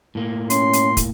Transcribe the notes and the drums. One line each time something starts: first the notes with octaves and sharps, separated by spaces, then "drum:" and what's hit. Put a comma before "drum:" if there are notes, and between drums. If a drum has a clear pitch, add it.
A2 A#3
C#4 C6, drum: hi-hat
drum: hi-hat
drum: kick, hi-hat